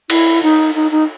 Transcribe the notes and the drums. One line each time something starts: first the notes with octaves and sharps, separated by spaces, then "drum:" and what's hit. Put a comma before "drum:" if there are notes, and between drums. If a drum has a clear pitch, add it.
E4, drum: cymbal
D#4
D#4
D#4